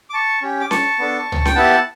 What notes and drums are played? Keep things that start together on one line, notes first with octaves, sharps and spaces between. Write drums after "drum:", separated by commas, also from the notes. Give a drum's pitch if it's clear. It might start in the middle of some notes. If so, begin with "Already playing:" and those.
D6
A5 C#6
C#4 G4
D6
A5 C#6, drum: snare C#4
B3 D4 A4
drum: tom
G5, drum: snare C#4
B3 E4 G4 F#5 A5